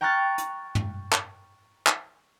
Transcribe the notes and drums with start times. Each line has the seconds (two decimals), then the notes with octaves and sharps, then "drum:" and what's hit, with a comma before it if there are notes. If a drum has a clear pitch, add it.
0.01 G5 A#5 C#6 F6 F#6 A6
0.38 drum: hi-hat
0.75 drum: tom
1.12 drum: clap
1.87 drum: clap